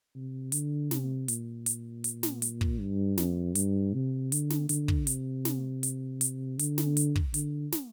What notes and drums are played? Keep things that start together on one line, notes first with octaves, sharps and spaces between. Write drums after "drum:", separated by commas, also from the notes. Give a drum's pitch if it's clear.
C3
D3, drum: hi-hat
C3, drum: snare
A#2, drum: hi-hat
drum: hi-hat
drum: hi-hat
drum: snare
drum: hi-hat
drum: kick
G2
F2, drum: snare
G2, drum: hi-hat
C3
D3, drum: hi-hat
drum: snare
D3, drum: hi-hat
drum: kick
C3, drum: hi-hat
drum: snare
drum: hi-hat
drum: hi-hat
D3, drum: hi-hat
drum: snare
drum: hi-hat
drum: kick
D3, drum: hi-hat
drum: snare